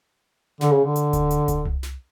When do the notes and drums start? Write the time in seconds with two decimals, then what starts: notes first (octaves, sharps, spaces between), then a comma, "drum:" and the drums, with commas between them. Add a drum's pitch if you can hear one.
0.61 D3, drum: snare
0.72 C#3
0.84 D3
0.96 drum: hi-hat
1.13 drum: kick D1, hi-hat
1.31 drum: hi-hat
1.48 drum: kick D1, hi-hat
1.65 drum: tom C2
1.83 drum: snare